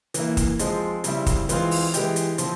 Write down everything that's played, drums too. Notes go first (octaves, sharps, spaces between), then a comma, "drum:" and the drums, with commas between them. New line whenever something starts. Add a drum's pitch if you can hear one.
E3 A#3 E4, drum: hi-hat
drum: kick, hi-hat
F3 G#3 C4, drum: hi-hat
C#3 G3 C4 E4, drum: hi-hat
drum: kick, hi-hat
E3 G#3 C4 F4, drum: hi-hat
drum: open hi-hat
E3 G#3 E4 G4, drum: hi-hat
drum: hi-hat
F3 C4 F4, drum: hi-hat